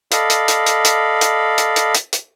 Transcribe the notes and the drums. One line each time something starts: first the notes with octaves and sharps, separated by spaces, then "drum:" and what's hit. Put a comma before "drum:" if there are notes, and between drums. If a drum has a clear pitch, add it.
A4 D5 D#5 F5 B5, drum: hi-hat
drum: hi-hat
drum: hi-hat
drum: hi-hat
drum: hi-hat
drum: hi-hat
drum: hi-hat
drum: hi-hat
drum: hi-hat
drum: hi-hat